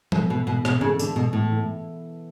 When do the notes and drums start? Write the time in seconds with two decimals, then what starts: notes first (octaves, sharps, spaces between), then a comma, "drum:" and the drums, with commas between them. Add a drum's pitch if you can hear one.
0.12 B2 E3 B3 E4 A4, drum: tom E3
0.30 B2
0.47 B2
0.65 B2, drum: rim click
0.81 C#3 E3 B3 E4 A4
0.99 D3, drum: tambourine
1.16 B2
1.33 A2
1.50 E3 B3 E4 A4